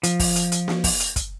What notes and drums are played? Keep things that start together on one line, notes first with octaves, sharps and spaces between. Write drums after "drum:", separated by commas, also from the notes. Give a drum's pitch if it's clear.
F3, drum: hi-hat
drum: kick, open hi-hat
drum: hi-hat
drum: hi-hat
drum: snare
drum: kick, open hi-hat
drum: hi-hat
drum: kick, hi-hat